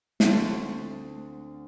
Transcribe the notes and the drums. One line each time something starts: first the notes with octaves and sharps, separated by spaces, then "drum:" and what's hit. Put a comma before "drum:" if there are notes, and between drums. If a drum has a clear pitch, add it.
D2 C4 C5 F#5 A5, drum: snare